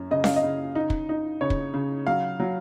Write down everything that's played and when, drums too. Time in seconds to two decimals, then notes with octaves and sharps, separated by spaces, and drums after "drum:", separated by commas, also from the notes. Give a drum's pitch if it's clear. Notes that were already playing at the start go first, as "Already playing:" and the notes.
Already playing: F#2 C#4
0.11 C#3 D#5
0.24 F5, drum: snare C#4
0.36 D#5
0.43 C#3
0.75 D#4
0.90 drum: kick
1.09 D#4
1.41 C#3 C#5
1.50 drum: kick
1.74 C#3
2.07 F#3 F5
2.40 F#3